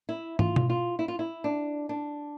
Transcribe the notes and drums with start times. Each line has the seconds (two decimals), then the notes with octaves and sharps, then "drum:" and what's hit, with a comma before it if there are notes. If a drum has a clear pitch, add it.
0.09 E4
0.39 F4, drum: tom
0.56 drum: tom B2
0.70 F4
0.99 E4
1.08 F4
1.19 E4
1.44 D4
1.89 D4